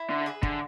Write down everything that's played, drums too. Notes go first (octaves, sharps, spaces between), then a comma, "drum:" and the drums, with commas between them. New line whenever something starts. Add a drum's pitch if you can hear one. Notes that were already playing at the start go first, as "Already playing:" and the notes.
Already playing: E4
D3
G#4 B4 E5
D3, drum: kick